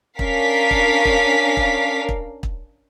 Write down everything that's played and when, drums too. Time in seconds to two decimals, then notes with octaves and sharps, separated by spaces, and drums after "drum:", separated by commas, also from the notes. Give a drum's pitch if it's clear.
0.19 C#4 D4 A#4 F5 B6, drum: kick
0.71 drum: kick
1.05 drum: kick
1.57 drum: kick
2.09 drum: kick
2.43 drum: kick